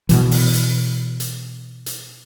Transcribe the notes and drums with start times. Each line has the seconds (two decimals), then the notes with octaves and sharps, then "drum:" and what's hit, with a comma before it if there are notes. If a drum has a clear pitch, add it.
0.09 B2 E3, drum: hi-hat
0.31 drum: open hi-hat
0.53 drum: hi-hat
1.20 drum: hi-hat
1.86 drum: hi-hat